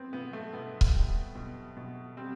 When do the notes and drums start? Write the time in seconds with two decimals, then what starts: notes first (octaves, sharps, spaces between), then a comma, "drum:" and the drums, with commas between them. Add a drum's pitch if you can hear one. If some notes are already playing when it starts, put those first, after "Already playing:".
Already playing: B3 C4
0.13 B2 B3
0.33 A3
0.53 B2 B3
0.81 drum: kick C#1
0.95 G3
1.35 B2
1.77 B2
2.17 G3 C4